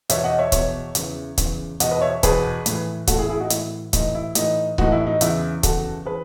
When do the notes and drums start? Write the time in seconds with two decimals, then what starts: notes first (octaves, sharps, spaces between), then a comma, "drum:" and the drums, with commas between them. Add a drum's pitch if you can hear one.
0.10 E2 B2 C#5 E5, drum: hi-hat
0.24 D#5 F#5
0.39 C#5 E5
0.52 E2 B2 C#5 E5, drum: kick C#1, hi-hat
0.95 E2 C#3 E3, drum: hi-hat
1.38 E2 C#3 E3, drum: kick C#1, hi-hat
1.80 E2 B2 D#5 F#5, drum: hi-hat
1.91 B4 D#5
2.01 C#5 E5
2.23 E2 B2 G#4 B4, drum: kick C#1, hi-hat
2.66 A2 E3, drum: hi-hat
3.07 A2 E3 F#4 A4, drum: kick C#1, hi-hat
3.18 E4 G#4
3.29 E4 G#4
3.40 D#4 F#4
3.50 A2 E3 E4, drum: hi-hat
3.93 A2 E3 D#4, drum: kick C#1, hi-hat
4.15 E4
4.35 A2 E3 D#4, drum: hi-hat
4.78 A2 E3 D#4 F#4, drum: kick C#1
4.92 E4
5.07 D#4
5.21 E2 C#3 E3 E4, drum: hi-hat
5.63 E2 C#3 E3 F#4 A4, drum: kick C#1, hi-hat
6.06 E3 G#4 B4